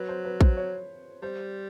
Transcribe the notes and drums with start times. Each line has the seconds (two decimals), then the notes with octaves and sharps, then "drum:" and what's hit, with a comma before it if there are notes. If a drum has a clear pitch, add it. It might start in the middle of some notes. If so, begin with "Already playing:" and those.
Already playing: F#3 B4
0.09 C5
0.25 B4
0.41 C5, drum: kick
0.57 C#5
1.22 G3 C5